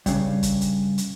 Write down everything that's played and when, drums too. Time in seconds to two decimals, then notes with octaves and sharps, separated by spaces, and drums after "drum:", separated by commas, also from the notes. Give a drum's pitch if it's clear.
0.06 G2 C#3, drum: kick, hi-hat
0.43 drum: kick, hi-hat
0.61 drum: hi-hat
0.98 drum: hi-hat